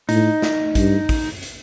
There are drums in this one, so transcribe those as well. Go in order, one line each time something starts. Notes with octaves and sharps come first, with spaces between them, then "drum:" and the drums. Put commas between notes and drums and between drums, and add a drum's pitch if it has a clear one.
A2 D#4, drum: hi-hat
drum: snare
G2, drum: kick, hi-hat
drum: kick, open hi-hat
drum: hi-hat